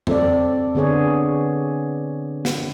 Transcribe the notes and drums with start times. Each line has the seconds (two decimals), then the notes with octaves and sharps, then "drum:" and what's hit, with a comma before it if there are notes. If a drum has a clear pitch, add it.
0.07 C4 A4 D5, drum: tom E2
0.75 D3 B3 G#4 C#5 D5
2.45 drum: snare